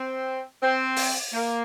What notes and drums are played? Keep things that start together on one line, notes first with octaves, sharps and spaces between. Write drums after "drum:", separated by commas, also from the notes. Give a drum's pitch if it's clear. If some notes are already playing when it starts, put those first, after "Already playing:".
Already playing: C4
C4
drum: open hi-hat
A#3